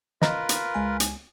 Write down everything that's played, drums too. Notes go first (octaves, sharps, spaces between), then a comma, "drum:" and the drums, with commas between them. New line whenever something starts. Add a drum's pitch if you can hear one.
F4 A#4 B4 D#5 A#5, drum: snare
drum: hi-hat
C#2 G#3 G#5
drum: hi-hat